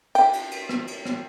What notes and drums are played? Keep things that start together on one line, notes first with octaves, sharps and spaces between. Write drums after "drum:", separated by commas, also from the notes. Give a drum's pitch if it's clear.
G5, drum: cymbal
drum: cymbal
drum: cymbal
drum: rim click
drum: cymbal
drum: rim click